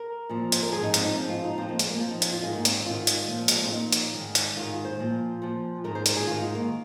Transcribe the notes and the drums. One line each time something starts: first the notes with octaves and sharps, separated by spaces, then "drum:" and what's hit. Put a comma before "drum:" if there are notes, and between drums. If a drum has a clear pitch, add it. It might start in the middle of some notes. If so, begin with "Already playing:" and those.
Already playing: A#4
A#2 F3
C5, drum: hi-hat
A#4
G#2 F3 G#4
D#4
C4, drum: hi-hat
D#4
G#2 F3 C4
F4
D#4
F2 F3 C4
A#3
G#3, drum: hi-hat
A#3
F2 F3
D#4
drum: hi-hat
F4
G#2 D#3 G#3
A#3
C4, drum: hi-hat
C4
G#2 D#3 F4
drum: hi-hat
A#2 F3
G#3, drum: hi-hat
A#3
C4
A#2 F3 D#4
drum: hi-hat
G#2 D#3
drum: hi-hat
G#2 D#3 F4
C5
A#2 F3
A#2 F3
G#2 D#3 A#4
C5
A#4, drum: hi-hat
G#4
G#2 D#3 F4
D#4
A#3